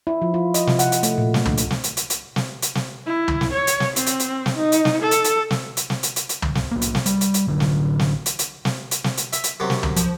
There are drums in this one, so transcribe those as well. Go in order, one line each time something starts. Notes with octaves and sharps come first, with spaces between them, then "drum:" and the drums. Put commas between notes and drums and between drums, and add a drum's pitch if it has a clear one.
E4
F3
F4
D#5, drum: hi-hat
C3, drum: snare
F#5, drum: hi-hat
drum: hi-hat
A3, drum: hi-hat
A#2
A3, drum: snare
D4, drum: tom
drum: hi-hat
drum: snare
drum: hi-hat
drum: hi-hat
drum: hi-hat
drum: snare
drum: hi-hat
drum: snare
E4
drum: tom
drum: snare
C#5
drum: hi-hat
drum: snare
C4, drum: hi-hat
drum: hi-hat
drum: hi-hat
drum: snare
D#4
drum: hi-hat
drum: snare
A4
drum: hi-hat
drum: hi-hat
drum: snare
drum: hi-hat
drum: snare
drum: hi-hat
drum: hi-hat
drum: hi-hat
drum: tom
drum: snare
B1 A#3
drum: hi-hat
drum: snare
G3, drum: hi-hat
drum: hi-hat
drum: hi-hat
A1 D3 F#3
drum: snare
drum: snare
drum: hi-hat
drum: hi-hat
drum: snare
drum: hi-hat
drum: snare
drum: hi-hat
E5, drum: hi-hat
drum: hi-hat
F#2 C3 F#3
drum: snare
drum: tom
F3, drum: hi-hat